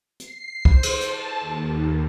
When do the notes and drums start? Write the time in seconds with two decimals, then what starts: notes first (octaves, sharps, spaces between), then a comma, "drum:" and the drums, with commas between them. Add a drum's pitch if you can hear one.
0.20 C7, drum: hi-hat
0.65 C5, drum: kick
0.83 drum: cymbal
1.01 A5, drum: hi-hat
1.41 D#2